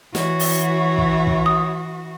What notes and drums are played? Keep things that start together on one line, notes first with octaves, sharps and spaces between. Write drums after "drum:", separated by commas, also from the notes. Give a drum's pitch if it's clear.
E3 F#4 C#5, drum: snare
drum: open hi-hat
drum: kick
drum: kick
D#6